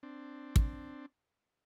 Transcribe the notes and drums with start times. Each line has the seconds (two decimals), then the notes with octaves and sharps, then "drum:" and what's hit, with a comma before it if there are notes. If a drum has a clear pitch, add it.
0.03 C4 D4
0.56 drum: kick